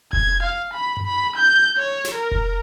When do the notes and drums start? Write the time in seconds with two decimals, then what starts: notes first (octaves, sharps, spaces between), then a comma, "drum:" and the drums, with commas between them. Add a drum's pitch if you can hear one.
0.13 G#6, drum: kick F1
0.43 F5
0.74 B5
0.97 drum: tom F#2
1.07 B5
1.36 G6
1.78 C#5
2.05 drum: snare
2.15 A#4
2.31 drum: kick F1